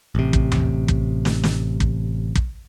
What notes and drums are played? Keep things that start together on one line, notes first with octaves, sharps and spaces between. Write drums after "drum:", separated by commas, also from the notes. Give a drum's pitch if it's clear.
A1 C3
drum: kick
drum: tom D#2
drum: kick
drum: snare
drum: snare
drum: kick
drum: kick